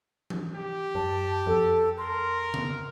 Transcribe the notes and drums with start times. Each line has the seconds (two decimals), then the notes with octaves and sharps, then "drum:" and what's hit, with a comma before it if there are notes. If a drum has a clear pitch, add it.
0.30 drum: tom E3
0.55 G4
0.95 F#2 A5
1.46 F2 A4
1.98 A#4 C6
2.54 drum: tom C#3